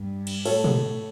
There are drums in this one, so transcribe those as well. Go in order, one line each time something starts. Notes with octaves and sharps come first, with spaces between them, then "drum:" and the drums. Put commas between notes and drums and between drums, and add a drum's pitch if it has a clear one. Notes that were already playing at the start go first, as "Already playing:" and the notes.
Already playing: G2
drum: cymbal
A2 A4 C#5, drum: cymbal
drum: tom